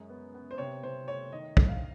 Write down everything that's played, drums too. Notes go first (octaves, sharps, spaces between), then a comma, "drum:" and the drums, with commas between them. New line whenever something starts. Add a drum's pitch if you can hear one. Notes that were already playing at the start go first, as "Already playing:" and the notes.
Already playing: F#2 G#3
B3
B3
C5
C3 C#5
C3 C5
A3 C#5
D#3 D#5
D2, drum: kick
F5